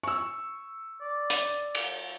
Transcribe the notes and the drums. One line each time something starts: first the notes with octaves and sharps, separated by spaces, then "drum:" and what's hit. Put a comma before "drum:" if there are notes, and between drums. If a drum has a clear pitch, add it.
C#6 E6
D5
drum: hi-hat
drum: cymbal